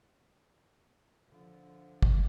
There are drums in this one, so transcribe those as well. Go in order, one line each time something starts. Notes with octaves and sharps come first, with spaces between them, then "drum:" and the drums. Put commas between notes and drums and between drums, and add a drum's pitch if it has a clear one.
D3 F3
drum: kick